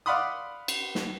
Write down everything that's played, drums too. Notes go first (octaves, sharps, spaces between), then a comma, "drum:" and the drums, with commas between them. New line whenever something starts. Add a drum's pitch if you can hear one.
D5 F5 F#5 B5 C6 D#6
drum: cymbal
drum: snare